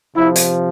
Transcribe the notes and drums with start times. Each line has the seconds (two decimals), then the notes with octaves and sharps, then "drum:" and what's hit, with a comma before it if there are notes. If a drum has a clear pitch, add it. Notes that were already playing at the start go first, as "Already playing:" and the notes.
0.16 C3 F3 E4
0.36 drum: hi-hat